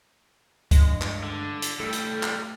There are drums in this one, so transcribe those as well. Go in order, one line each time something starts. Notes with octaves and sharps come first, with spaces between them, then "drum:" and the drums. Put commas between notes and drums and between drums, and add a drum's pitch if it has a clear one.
G2 G#3, drum: kick C#2, hi-hat
drum: clap
D3
drum: hi-hat
A2 G3 A3 A4
drum: hi-hat
drum: clap